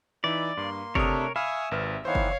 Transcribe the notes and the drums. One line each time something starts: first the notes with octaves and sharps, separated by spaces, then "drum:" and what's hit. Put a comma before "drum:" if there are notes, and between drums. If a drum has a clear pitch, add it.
E3 D#4 D5 E5 B5
G2 A#3 C6
C3 A3 D4 A#4 C#5 D#6, drum: kick F#1
E5 F5 G#5 B5 C#6 D#6 F6
G#1 C3 B4 F6
D#3 E3 B3 C5 C#5 F5
drum: kick F#1